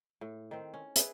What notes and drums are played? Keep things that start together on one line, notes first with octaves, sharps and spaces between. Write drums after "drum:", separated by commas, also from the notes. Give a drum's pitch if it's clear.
A2
D#3 C4
C#4
E4 G#4 B4, drum: hi-hat